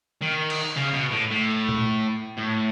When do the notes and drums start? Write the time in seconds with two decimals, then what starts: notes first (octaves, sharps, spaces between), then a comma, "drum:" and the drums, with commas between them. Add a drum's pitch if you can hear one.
0.22 D#3
0.50 drum: cymbal
0.77 C#3
0.94 B2
1.11 A2
1.31 A2
1.69 drum: tom A#2
2.38 A2